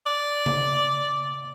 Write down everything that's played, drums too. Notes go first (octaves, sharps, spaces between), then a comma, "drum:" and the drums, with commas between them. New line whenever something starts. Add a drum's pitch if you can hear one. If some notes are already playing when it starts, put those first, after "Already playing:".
D5
drum: tom C#3